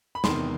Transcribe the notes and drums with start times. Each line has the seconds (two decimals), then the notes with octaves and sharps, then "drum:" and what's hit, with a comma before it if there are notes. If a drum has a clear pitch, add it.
0.15 B5
0.24 E2 C3 D#3 C6, drum: snare